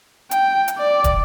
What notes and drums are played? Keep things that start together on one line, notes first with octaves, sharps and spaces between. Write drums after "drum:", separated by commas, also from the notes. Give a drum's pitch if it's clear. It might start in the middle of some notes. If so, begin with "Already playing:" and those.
G5, drum: hi-hat
drum: hi-hat
D5
drum: kick, hi-hat